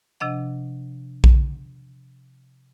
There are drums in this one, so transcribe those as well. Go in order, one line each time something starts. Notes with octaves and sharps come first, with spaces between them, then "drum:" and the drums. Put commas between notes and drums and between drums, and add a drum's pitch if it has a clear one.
C3 F3 D4 D#5 F#5
drum: kick A#1